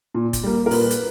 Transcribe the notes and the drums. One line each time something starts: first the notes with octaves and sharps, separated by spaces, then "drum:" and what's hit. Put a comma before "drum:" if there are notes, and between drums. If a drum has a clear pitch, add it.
A#2
drum: kick, hi-hat
G3 A#3
A#4
A#2 B4, drum: open hi-hat
drum: hi-hat